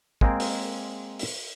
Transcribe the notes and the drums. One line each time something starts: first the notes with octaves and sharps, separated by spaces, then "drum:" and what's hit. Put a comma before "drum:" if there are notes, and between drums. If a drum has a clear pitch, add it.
G#3 A#3 C4 G#4 A#4 C5, drum: kick
drum: open hi-hat
drum: open hi-hat